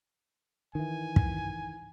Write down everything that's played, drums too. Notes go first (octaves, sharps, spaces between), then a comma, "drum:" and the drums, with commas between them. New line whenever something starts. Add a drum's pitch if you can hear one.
D#3 E3 G#5
drum: kick